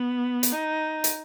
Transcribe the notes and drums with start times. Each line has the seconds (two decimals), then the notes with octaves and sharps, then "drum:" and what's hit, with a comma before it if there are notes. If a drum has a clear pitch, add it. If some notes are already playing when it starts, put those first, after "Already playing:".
Already playing: B3
0.43 drum: hi-hat
0.52 D#4
1.04 drum: hi-hat